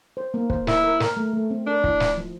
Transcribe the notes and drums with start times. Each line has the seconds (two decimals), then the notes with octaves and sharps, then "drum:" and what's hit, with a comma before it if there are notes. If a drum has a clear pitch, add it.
0.17 C5
0.34 A#3
0.50 C5, drum: kick
0.67 E4 A#4, drum: snare
0.84 A#4
1.00 A#4, drum: snare
1.17 A3
1.34 A3
1.51 C4
1.67 D4 A#4
1.84 E4, drum: kick
2.00 F3, drum: snare
2.18 F3